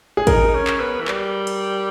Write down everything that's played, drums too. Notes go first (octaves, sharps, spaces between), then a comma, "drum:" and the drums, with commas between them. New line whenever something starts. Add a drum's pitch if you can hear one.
G#4
D#4 A#4, drum: kick A1, cymbal
D#4
C#4
drum: clap
B3
E3
G3, drum: clap
drum: cymbal